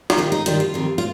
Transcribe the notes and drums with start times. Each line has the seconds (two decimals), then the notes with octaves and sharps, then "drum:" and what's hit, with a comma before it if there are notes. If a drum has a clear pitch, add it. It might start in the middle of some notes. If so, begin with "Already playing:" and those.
0.10 D#4, drum: snare
0.18 D#2 D#3 G3 F4
0.32 D#4
0.46 D#2 D#3 G3 F4, drum: hi-hat
0.60 F4
0.74 F2 D#3 G3
0.98 F4